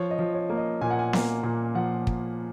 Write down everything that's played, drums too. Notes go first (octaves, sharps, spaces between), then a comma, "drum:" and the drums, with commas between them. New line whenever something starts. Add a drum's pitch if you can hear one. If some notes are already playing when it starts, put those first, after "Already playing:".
Already playing: F3 C#5
D#5
F3
C#5
A#3
D#5
A#2 G#5
F#5
G#5
A#3, drum: snare B3
A#2
F3 F#5
drum: kick